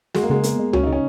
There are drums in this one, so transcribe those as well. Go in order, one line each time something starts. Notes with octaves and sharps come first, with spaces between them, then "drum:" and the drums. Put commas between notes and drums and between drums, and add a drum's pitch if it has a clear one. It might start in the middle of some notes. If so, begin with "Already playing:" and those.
G#3 F#4, drum: snare
A#3
C#3 G#3
A#3 B3, drum: hi-hat
G#3
C#4 F#4, drum: tom C#2
D#4
C#3 C#4